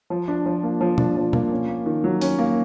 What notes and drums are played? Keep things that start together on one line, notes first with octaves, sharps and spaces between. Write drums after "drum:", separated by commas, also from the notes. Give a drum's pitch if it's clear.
F3
D4
F3
A#3
F3
D4, drum: tom B2
F3
A#3, drum: tom B2
C#4
A#3
D#3
F#3
C#4, drum: open hi-hat
A#3